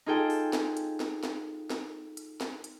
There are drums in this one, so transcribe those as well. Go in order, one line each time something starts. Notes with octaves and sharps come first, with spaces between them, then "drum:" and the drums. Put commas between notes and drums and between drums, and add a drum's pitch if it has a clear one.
D#4 F4 G#4 A4 G5
drum: open hi-hat
drum: snare
drum: hi-hat
drum: snare
drum: snare
drum: snare
drum: hi-hat
drum: snare
drum: hi-hat